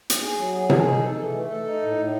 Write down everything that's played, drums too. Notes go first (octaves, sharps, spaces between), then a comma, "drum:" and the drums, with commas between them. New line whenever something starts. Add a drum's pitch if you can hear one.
drum: hi-hat
G#4
F#3
G#4
G#4, drum: tom C3
D#4
A4
E3
A3
A4
D#4
A2
A2